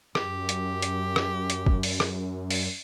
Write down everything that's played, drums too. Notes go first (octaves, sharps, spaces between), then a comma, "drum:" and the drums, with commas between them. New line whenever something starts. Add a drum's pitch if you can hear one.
F#2 G4, drum: rim click
drum: hi-hat
drum: hi-hat
drum: rim click
drum: hi-hat
drum: kick
drum: open hi-hat
drum: rim click
drum: open hi-hat